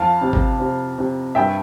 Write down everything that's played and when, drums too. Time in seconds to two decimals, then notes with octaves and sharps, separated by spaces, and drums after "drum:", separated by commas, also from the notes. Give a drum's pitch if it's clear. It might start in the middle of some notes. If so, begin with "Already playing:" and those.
Already playing: F2 F5 A5
0.21 C3
0.33 drum: kick G1
0.60 C3
0.98 C3
1.35 G2 E5 G5